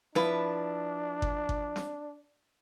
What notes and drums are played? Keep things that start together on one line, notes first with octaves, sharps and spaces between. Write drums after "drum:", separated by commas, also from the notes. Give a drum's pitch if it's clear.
F3 D4 E4 B4, drum: snare
drum: kick G1
drum: kick G1
drum: snare